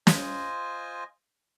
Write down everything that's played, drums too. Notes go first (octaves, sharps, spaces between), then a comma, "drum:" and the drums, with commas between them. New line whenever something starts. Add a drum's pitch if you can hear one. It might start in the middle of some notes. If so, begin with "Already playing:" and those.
F4 C5 D#5 G#5, drum: snare